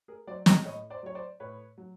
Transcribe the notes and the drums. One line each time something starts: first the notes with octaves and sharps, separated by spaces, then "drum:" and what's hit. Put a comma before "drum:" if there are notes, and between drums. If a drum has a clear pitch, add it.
G#4 A#4
F#3 C5 D5
C#5 D#5, drum: snare
A2 C#5 D#5
C5 D5
F#3 C#5
C5 D5
A2 B4 C#5
F#3